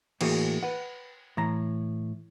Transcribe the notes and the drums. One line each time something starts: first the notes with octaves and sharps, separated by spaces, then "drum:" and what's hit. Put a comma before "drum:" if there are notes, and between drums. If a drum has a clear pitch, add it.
A2 E3 A#3 F#4 G#4, drum: cymbal
B4 F#5
A2 E3 A#5